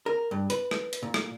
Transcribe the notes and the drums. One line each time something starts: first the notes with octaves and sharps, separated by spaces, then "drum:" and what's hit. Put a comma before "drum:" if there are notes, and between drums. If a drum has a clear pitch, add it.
A#4
G2
B4, drum: hi-hat
drum: rim click
drum: hi-hat
A#2
drum: rim click